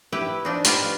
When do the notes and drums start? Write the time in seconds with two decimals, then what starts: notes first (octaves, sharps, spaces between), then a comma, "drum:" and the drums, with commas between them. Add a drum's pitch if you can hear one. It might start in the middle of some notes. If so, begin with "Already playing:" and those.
0.12 E4 G4 B4
0.45 F3 D4 D#4
0.65 F4 G4 B4, drum: hi-hat